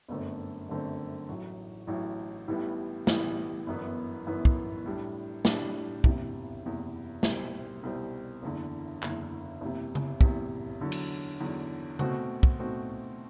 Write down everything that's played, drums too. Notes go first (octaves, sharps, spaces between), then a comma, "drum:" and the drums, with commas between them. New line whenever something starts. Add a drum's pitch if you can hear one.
G1 F#2 D3 A3 C4
G1 F#2 D3 A3 C4
A1 A2 F#3
A1 A2 F#3
A1 A2 E3 G3 B3
A1 A2 E3 G3 B3, drum: snare
G1 F#2 E3 B3
G1 F#2 E3 B3
drum: kick
A2 G3 D4
A2 G3 D4, drum: snare
F#1 E2 C3, drum: kick
F#1 E2 C3
C2 B2 G3 C4, drum: snare
C2 B2 G3 C4
F#1 E2 D3
F#1 E2 D3, drum: clap
F#1 E2 C3
drum: tom C#3
F#1 E2 C3, drum: kick
E2 D3 F#3
drum: cymbal
E2 D3 F#3
B2 A3 C4 F#4, drum: tom C#3
drum: kick
B2 A3 C4 F#4